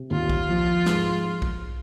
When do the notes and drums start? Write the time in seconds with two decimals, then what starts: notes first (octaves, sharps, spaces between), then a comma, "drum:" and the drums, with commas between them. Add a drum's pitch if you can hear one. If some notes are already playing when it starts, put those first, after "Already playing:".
Already playing: C3
0.11 D#2 F4
0.30 drum: kick
0.49 F3
0.86 G#2, drum: snare
1.42 drum: kick